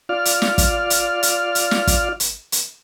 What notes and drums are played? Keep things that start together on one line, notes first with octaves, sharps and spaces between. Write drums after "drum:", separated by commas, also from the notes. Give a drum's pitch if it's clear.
F4 D5 F6
drum: hi-hat
drum: snare
drum: kick, hi-hat
drum: hi-hat
drum: hi-hat
drum: hi-hat
drum: snare
drum: kick, hi-hat
drum: hi-hat
drum: hi-hat